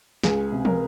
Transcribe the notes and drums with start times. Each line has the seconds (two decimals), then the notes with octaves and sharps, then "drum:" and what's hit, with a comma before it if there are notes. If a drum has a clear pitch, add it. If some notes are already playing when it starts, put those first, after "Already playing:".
0.24 C#2 G#4, drum: snare
0.52 C3
0.65 A#4, drum: tom